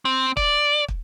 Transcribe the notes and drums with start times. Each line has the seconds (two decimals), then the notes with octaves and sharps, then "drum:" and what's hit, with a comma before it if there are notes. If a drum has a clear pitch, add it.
0.05 C4
0.37 D5, drum: kick
0.88 drum: kick